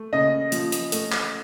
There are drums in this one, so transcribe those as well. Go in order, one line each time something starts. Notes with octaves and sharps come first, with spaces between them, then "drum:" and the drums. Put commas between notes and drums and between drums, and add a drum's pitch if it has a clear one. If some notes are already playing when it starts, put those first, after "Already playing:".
Already playing: A3
C#3 D#5
F3, drum: hi-hat
drum: hi-hat
A3, drum: hi-hat
drum: clap